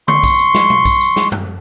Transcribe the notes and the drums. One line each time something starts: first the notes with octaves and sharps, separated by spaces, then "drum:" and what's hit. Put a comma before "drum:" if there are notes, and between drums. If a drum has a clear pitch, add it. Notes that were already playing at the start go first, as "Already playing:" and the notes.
C6 C#6, drum: tom D3
drum: kick A#1, tambourine
drum: tambourine
drum: snare
drum: tom B2
drum: kick A#1, tambourine
drum: tambourine
drum: snare
drum: tom F#2